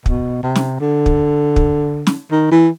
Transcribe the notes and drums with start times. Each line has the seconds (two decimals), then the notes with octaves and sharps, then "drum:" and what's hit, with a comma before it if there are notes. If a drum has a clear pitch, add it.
0.06 B2, drum: kick
0.43 C3
0.56 drum: snare
0.80 D3
1.06 drum: kick
1.56 drum: kick
2.07 drum: snare
2.31 D#3
2.51 E3